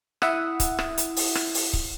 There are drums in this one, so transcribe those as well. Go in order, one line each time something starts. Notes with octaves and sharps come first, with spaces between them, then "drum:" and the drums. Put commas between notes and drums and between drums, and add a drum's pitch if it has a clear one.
E4 E5 F#5 D#6, drum: rim click
drum: kick C#1, hi-hat
drum: rim click
drum: hi-hat
drum: open hi-hat
drum: rim click
drum: open hi-hat
drum: kick C#1